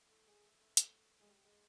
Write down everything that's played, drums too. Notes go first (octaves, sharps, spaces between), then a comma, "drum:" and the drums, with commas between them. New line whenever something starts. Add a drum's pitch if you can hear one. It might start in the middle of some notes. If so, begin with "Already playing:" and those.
Already playing: A2 F3
A3
G#3
A3
A3
A3, drum: hi-hat
G#3
G3
G#3